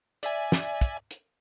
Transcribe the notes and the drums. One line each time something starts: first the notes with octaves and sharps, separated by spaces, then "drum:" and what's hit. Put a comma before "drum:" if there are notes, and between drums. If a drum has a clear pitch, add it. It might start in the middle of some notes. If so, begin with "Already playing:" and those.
D5 E5 G#5, drum: hi-hat
drum: snare
drum: kick, hi-hat
drum: hi-hat